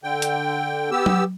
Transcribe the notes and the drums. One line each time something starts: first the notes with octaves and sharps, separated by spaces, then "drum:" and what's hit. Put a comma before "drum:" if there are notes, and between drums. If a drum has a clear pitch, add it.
D3 G5
drum: hi-hat
B3 G4 E6
drum: tom F#3